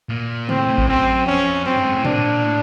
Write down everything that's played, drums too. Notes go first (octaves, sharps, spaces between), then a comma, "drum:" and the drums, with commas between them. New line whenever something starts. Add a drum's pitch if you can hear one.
A#2
A2 C4, drum: tom C3
A2
drum: kick A1
F#2 C4
F2 C#4
F#2 C4
G2
G#2
A2
A#2 D4, drum: tom
A2